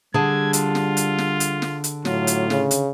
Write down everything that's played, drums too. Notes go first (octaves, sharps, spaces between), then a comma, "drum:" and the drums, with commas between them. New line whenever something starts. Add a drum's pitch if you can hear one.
D3 G3 G#4 A5 G#6
F4, drum: hi-hat
drum: snare
drum: hi-hat
drum: snare
drum: hi-hat
drum: snare
drum: hi-hat
A2 F#3 F4, drum: snare
drum: hi-hat
C#3, drum: snare
drum: hi-hat